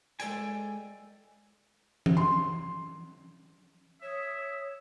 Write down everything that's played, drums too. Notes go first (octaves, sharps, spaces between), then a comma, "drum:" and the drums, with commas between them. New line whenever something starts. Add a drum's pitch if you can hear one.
G#3 A4 D5 G5 G#5, drum: hi-hat
drum: tom E3
C6
C#5 E5 D#6